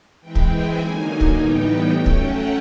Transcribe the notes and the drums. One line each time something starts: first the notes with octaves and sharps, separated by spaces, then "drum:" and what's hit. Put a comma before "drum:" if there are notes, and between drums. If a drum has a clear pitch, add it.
E3 G#3 C4 E4 G5
drum: kick
G#5
D3 F#3 A#3 D#4
drum: kick
A2 E3 G3 B3 D#4 G5
F#3 A3 C#4
drum: kick
F#5